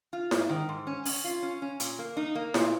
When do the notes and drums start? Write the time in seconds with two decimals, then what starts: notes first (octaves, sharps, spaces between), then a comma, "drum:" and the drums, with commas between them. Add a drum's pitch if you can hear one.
0.13 F4
0.31 G#2, drum: snare E4
0.49 D#3
0.69 G#2
0.87 C#4
1.05 C#4, drum: open hi-hat
1.24 F4
1.42 C#4
1.62 C#4
1.80 A#2, drum: hi-hat
1.99 A#3
2.17 D#4
2.35 A#3
2.54 A#2, drum: snare E4